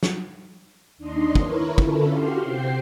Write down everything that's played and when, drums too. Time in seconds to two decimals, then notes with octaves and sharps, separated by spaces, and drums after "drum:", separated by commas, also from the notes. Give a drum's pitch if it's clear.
0.03 drum: snare
0.97 D#2 D4 D#4 D#5 C6
1.35 E4 A#4 B4 C#5, drum: kick
1.78 D3 C#4 E4 F4 A4, drum: kick
2.09 F#4 G4 F5 C6
2.40 C3 C4 G5 C7